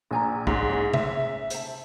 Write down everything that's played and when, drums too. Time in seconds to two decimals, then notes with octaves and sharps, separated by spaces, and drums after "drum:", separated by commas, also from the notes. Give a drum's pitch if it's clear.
0.11 A#1 C5 G#5 A#5
0.47 G#2 C#4, drum: kick
0.70 C#4 E4 G#4
0.93 E5, drum: tom C3
1.50 C5 A5, drum: hi-hat